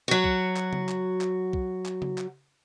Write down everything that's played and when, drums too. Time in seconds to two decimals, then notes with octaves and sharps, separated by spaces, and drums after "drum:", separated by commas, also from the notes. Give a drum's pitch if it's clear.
0.08 F#3 F#4
0.24 drum: kick B1
0.56 drum: clap
0.73 drum: tom C#3
0.89 drum: clap
1.21 drum: clap
1.53 drum: kick B1
1.86 drum: clap
2.02 drum: tom C#3
2.18 drum: clap